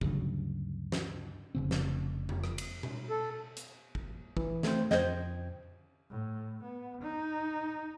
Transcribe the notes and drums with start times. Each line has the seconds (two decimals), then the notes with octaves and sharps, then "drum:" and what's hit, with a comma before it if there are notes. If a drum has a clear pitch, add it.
0.01 D2 G2 C#3 F#3, drum: kick
0.92 drum: snare
1.55 F1 C#3 C4
1.71 drum: snare
2.29 drum: tom F2
2.44 drum: rim click
2.58 drum: cymbal
2.83 drum: tom B2
3.10 A4
3.57 drum: hi-hat
3.95 drum: kick
4.37 E3, drum: kick
4.63 A3 C4 C5, drum: snare
4.91 F2 C5 D#5 G5 G#6, drum: snare
6.10 A2
6.63 B3
7.01 D#4